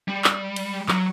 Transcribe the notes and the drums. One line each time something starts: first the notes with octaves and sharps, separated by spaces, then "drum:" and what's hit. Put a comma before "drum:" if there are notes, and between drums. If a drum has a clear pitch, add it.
G3
drum: clap
drum: cymbal
F#3, drum: clap